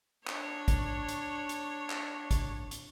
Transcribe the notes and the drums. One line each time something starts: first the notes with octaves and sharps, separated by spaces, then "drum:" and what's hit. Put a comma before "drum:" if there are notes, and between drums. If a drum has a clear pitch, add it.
D4 C#5, drum: clap
drum: kick, hi-hat
drum: hi-hat
drum: hi-hat
drum: clap
drum: kick, hi-hat
drum: hi-hat